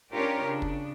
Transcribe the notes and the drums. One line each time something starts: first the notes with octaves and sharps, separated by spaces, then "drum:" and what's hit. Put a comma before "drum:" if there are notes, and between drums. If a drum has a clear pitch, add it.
C#4 D4 F4 G4 A#4 C#5
C#3 D4
drum: kick